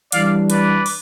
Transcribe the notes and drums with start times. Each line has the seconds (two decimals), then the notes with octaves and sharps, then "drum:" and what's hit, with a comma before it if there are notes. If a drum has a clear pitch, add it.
0.12 E3 G3 D4 D5 F5, drum: hi-hat
0.50 B4 D5, drum: hi-hat
0.86 drum: open hi-hat